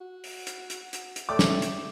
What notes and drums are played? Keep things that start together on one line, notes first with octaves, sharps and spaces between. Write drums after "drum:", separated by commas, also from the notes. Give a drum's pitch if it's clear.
F#4
drum: open hi-hat
drum: hi-hat
drum: hi-hat
drum: hi-hat
drum: hi-hat
A3 C#5 D5 G5 D6
drum: snare
drum: hi-hat